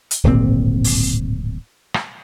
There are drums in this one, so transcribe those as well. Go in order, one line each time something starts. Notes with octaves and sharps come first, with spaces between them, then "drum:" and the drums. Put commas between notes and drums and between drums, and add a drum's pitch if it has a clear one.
drum: hi-hat
D1 G#1 A#2 C4
drum: open hi-hat
drum: rim click